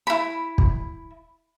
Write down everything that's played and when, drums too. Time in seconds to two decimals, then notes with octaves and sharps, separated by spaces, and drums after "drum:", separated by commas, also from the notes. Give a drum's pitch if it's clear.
0.07 E4 B5
0.58 drum: kick